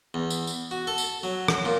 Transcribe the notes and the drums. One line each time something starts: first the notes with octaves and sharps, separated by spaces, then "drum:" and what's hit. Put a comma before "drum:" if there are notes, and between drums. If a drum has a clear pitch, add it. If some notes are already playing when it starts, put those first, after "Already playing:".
E2
drum: tambourine
drum: tambourine
F#4
A4
drum: tambourine
F#3
drum: rim click
A#2